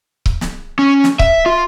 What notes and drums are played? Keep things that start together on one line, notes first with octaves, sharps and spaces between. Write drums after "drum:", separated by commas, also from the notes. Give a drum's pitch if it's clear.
drum: kick C#1
drum: snare
C#4
drum: snare
E5, drum: kick C#1
F4